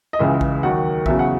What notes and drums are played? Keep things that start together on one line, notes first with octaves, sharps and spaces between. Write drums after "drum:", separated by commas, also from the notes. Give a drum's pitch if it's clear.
D#5
C#2 C#3 E3 G#3 E5
drum: kick A#1
D#2 D#3 F#3 F#5
E2 C#3 F#3 E5, drum: kick A#1
F#5